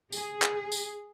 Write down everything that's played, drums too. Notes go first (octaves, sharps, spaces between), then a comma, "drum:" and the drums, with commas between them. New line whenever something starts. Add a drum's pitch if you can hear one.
G#4, drum: tambourine
drum: clap
drum: tambourine